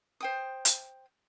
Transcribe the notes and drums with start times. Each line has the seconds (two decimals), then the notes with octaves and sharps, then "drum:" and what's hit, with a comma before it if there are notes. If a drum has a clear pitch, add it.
0.21 C5 G5 D#6
0.65 drum: hi-hat